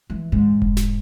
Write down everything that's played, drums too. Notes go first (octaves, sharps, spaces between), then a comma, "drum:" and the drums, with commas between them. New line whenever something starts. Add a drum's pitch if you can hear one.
E3
G#2
drum: kick E1
drum: snare